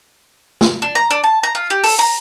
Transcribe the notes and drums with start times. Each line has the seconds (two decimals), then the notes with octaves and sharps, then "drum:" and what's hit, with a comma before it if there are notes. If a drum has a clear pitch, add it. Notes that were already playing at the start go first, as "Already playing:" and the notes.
0.61 drum: snare
0.82 D4
0.95 A#5
1.10 D4
1.24 A5
1.43 A#5
1.55 F4
1.70 G4
1.84 A4, drum: open hi-hat
1.99 A#5